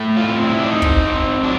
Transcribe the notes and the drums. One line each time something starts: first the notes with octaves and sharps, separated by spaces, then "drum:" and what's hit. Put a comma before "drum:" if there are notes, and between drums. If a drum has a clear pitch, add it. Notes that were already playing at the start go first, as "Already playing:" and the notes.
Already playing: A2 A3
F4
C4
E4
D4
C4 D#4
drum: kick
C4
F#3 D4